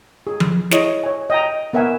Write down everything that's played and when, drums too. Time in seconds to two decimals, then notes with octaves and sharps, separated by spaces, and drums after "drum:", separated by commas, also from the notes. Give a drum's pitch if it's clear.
0.27 G#4
0.40 drum: tom F3
0.71 E4 G#4 C#5 D#5, drum: snare
1.04 C#5 G#5
1.30 D#5 G5 A#5
1.73 B3 A#4 E5 F#5 G#5